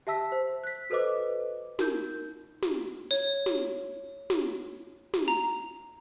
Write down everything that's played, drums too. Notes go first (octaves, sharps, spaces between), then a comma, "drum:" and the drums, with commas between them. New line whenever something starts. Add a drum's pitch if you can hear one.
G4 E5 A5 E6 B6
C5
F#6 B6
F#4 A4 B4 C5 D#5 D6
D#4 A#4 G6, drum: snare
drum: snare
C#5
drum: snare
drum: snare
drum: snare
A#5